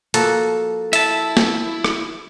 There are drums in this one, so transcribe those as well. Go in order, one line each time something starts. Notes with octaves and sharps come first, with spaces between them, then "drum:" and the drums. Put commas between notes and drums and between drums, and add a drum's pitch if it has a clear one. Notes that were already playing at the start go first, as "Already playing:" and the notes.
F3 A#3 F#4 A4, drum: hi-hat
E4 E5 A5, drum: hi-hat
drum: snare
drum: rim click